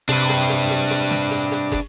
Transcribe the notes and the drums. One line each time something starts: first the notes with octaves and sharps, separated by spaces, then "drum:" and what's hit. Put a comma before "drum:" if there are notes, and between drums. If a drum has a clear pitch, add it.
C3 D4 B4, drum: hi-hat
drum: hi-hat
drum: hi-hat
drum: hi-hat
drum: hi-hat
drum: snare
drum: hi-hat
drum: hi-hat
drum: kick, hi-hat